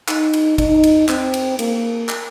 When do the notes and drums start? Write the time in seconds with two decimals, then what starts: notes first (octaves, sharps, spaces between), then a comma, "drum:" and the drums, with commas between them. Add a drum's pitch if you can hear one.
0.08 D#4, drum: clap
0.33 drum: cymbal
0.58 D#4, drum: kick, cymbal
0.84 drum: cymbal
1.09 C4, drum: clap
1.34 drum: cymbal
1.59 A#3, drum: cymbal
2.09 drum: clap